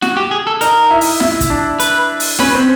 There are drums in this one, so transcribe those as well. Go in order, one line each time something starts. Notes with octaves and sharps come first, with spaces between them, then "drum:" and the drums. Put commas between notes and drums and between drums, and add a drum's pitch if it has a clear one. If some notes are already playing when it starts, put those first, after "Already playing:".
F#4, drum: snare
G4
G#4
A4
D#4 A#4, drum: hi-hat
E4
drum: open hi-hat
E4, drum: snare
drum: kick, hi-hat
D4
B4, drum: hi-hat
drum: open hi-hat
C#4 B4, drum: snare
C4